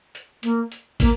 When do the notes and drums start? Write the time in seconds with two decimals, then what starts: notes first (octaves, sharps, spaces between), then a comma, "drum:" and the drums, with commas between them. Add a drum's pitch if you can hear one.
0.15 drum: hi-hat
0.43 A#3, drum: hi-hat
0.72 drum: hi-hat
1.00 A#3, drum: kick, open hi-hat